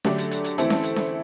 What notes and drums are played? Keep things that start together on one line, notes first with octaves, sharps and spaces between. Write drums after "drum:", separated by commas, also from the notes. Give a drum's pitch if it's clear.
D3 F#3 A3 D4 G4, drum: snare C#4
drum: hi-hat
drum: hi-hat
drum: hi-hat
E3 A3 C4 E4 A4, drum: hi-hat
drum: snare C#4
drum: hi-hat
drum: snare C#4